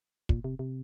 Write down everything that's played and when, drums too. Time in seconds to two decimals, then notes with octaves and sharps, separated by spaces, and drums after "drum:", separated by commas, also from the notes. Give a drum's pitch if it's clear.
0.29 A#2, drum: kick
0.44 C3
0.59 C3